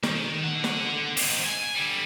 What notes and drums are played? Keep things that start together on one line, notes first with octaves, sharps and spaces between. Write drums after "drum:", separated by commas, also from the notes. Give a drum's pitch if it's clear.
D#3, drum: snare
D3 F#5
drum: snare
C4 D#4, drum: open hi-hat
G#5
D3 G3